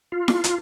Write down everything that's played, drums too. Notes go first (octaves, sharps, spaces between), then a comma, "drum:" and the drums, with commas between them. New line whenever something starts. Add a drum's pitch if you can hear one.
F4
drum: snare E4
drum: hi-hat